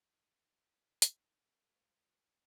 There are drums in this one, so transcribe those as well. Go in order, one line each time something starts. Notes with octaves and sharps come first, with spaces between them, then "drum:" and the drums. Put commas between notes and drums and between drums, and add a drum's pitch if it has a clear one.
D#4 A4 D#6 F#6
B6
A#2, drum: hi-hat
A#2 F3 G3 A3 C5 A#5